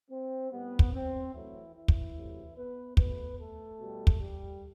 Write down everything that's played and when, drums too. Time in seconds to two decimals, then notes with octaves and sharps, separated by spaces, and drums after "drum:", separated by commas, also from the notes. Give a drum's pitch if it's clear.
0.10 C4
0.51 A2 G3 B3
0.79 drum: kick
0.93 C4
1.33 A2 E3 F#3 A3 E4
1.75 E3 E4
1.88 drum: kick
2.16 C3 F#3 A3
2.56 B3 B4
2.97 B2 A3 B3 B4, drum: kick
3.38 A3 A4
3.79 B2 G3
4.07 drum: kick
4.20 G3 G4